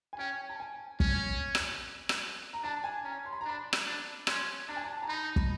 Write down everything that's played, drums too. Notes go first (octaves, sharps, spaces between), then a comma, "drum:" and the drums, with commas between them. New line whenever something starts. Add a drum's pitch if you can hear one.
G#5
C#4 G5
A5
G#5
C#4, drum: kick
drum: rim click
drum: rim click
A#5
D4 A5
G#5
C#4 A#5
C6
B5
A#5
D4 B5
drum: rim click
D4
C#4 C6, drum: rim click
D4 A5
G#5
A5
A#5
D#4 B5
drum: kick